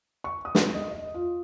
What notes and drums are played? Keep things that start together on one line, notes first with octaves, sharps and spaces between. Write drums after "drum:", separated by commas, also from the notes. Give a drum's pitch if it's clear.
C#6
D#6
drum: snare
D#5
D#5
F4